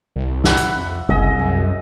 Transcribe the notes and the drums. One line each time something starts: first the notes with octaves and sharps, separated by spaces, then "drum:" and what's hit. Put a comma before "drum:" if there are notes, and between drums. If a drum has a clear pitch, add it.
C2
E5 F#5 B5, drum: snare
drum: hi-hat
F2
F#1 C2 G#4 D#5 E5
F#2 G#5